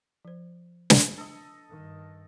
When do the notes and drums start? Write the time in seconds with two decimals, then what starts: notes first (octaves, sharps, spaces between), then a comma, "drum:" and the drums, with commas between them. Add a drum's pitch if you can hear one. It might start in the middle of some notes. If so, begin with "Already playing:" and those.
0.25 F3 C5
0.90 drum: snare
1.17 D4 A4 D#5
1.70 G2 D#3